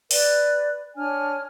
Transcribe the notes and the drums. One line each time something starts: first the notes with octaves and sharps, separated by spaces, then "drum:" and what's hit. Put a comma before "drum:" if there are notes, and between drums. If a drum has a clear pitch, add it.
B4 D5, drum: open hi-hat
D4 C#5 G#5 F6